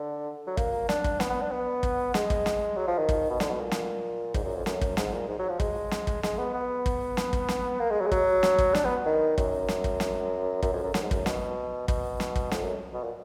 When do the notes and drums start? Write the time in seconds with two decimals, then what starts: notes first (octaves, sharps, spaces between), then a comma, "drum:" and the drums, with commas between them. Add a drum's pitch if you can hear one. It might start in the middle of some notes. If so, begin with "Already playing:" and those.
Already playing: D3
0.47 F#3
0.57 A#3, drum: kick
0.89 D4, drum: snare
1.04 drum: kick
1.20 B3, drum: snare
1.30 B3
1.42 D4
1.51 B3
1.83 drum: kick
2.14 G#3, drum: snare
2.30 drum: kick
2.46 drum: snare
2.77 F#3
2.88 F3
2.99 D#3
3.09 drum: kick
3.30 B2
3.40 D3, drum: snare
3.50 B2
3.61 A#2
3.71 drum: snare
4.34 G#2, drum: kick
4.44 F#2
4.55 F2
4.66 F#2, drum: snare
4.81 drum: kick
4.97 G#2, drum: snare
5.13 A#2
5.28 G#2
5.39 F#3
5.49 F3
5.60 G#3, drum: kick
5.91 drum: snare
6.07 drum: kick
6.23 G#3, drum: snare
6.38 B3
6.54 B3
6.86 drum: kick
7.17 drum: snare
7.33 drum: kick
7.49 drum: snare
7.80 A#3
7.90 G#3
8.01 F#3
8.07 G#3
8.12 F#3, drum: kick
8.43 drum: snare
8.58 drum: kick
8.75 D4, drum: snare
8.85 B3
9.06 D#3
9.38 F#2, drum: kick
9.68 drum: snare
9.84 drum: kick
10.00 drum: snare
10.63 F#2, drum: kick
10.73 F2
10.84 F#2
10.94 F#2, drum: snare
11.02 G#2
11.11 F#2, drum: kick
11.26 B2, drum: snare
11.88 B2, drum: kick
12.20 drum: snare
12.36 drum: kick
12.51 F2, drum: snare
12.62 F#2
12.93 B2
13.04 A#2